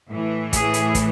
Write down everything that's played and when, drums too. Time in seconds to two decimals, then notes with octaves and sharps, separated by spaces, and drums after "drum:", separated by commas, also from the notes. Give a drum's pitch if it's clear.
0.11 A2 E3
0.53 G#4, drum: kick, hi-hat
0.74 drum: hi-hat
0.95 drum: kick, hi-hat